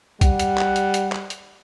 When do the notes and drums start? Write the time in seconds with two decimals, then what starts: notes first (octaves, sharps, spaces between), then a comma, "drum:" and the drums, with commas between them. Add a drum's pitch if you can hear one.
0.21 G3 F#5, drum: kick, hi-hat
0.39 drum: hi-hat
0.58 drum: clap
0.76 drum: hi-hat
0.94 drum: hi-hat
1.12 drum: clap
1.30 drum: hi-hat